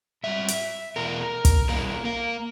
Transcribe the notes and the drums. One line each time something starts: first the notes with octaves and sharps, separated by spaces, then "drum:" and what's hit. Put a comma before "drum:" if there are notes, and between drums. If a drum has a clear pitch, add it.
G#2 G3 E5
drum: hi-hat
E2 B2 A#4
drum: kick, hi-hat
B2 G3 A#3 C#4 E4 A#4
A#3 A#4